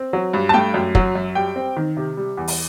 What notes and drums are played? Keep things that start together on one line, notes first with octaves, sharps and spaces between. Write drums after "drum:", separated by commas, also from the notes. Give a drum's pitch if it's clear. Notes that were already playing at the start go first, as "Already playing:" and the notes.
Already playing: C4
F#3
G2
A5
A3 G5
F#2
F#3, drum: kick
F#2
G3 G5
C4
D#3
C3
G3
E2
drum: open hi-hat